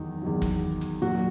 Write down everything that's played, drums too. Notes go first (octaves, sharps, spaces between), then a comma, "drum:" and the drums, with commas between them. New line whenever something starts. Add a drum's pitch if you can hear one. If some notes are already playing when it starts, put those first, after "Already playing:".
Already playing: E2 D#3 F#3 D#4
E2 D#3 F#3
drum: kick, hi-hat
drum: hi-hat
A#2 F#3 F#4